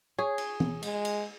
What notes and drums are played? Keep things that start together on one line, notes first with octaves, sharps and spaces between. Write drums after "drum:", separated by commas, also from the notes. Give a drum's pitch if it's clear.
G#4 C#5
drum: cymbal
drum: tom
G#3, drum: cymbal
drum: cymbal